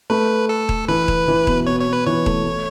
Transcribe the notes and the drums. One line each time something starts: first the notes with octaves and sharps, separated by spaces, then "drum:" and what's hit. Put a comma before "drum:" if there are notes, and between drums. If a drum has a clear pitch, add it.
A3 B4
A4
drum: kick D#1
E3 B4
drum: kick D#1
E3
B2, drum: kick D#1
B2 C#5
C#5
B2
B4
E3 C#5
A3, drum: kick D#1
A3